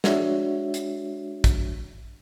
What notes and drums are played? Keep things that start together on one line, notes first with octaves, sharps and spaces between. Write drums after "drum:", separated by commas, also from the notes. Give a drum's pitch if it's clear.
G#3 D4 F#4 C#5 E5, drum: snare
drum: hi-hat
drum: kick, hi-hat